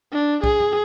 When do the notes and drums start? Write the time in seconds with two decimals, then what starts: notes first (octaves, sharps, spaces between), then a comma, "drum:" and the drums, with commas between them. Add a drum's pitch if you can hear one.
0.13 D4
0.44 G#4, drum: kick B1
0.60 drum: tom